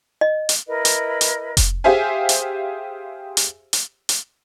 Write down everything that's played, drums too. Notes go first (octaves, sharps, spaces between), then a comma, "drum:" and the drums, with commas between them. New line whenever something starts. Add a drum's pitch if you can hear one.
D#5
drum: hi-hat
E4 A#4 B4 D#5
drum: hi-hat
drum: hi-hat
drum: kick F1, hi-hat
G4 G#4 C5 E5 F5 G#5
drum: hi-hat
drum: hi-hat
drum: hi-hat
drum: hi-hat